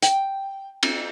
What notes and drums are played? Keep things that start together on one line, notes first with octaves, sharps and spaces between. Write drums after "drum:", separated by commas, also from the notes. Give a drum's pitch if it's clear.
G5, drum: hi-hat
drum: cymbal